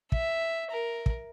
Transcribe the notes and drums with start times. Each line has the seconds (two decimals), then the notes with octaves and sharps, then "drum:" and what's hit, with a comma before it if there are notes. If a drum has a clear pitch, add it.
0.12 E5, drum: kick
0.71 A#4
1.06 drum: kick